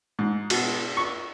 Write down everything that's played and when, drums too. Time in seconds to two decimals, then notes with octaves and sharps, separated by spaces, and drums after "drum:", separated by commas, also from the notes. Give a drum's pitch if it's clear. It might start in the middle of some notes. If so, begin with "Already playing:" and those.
0.19 G#2
0.50 B2, drum: cymbal
0.97 C#6